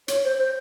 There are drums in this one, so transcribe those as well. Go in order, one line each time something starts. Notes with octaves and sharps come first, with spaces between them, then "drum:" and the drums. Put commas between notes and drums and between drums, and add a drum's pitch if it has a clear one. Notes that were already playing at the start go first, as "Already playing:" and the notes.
C#5, drum: hi-hat
C5
C5